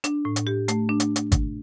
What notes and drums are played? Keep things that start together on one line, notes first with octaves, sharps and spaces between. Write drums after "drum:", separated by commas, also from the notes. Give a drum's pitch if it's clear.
D4, drum: hi-hat
A2
drum: hi-hat
G4
A3, drum: hi-hat
D4
drum: hi-hat
drum: hi-hat
drum: kick, hi-hat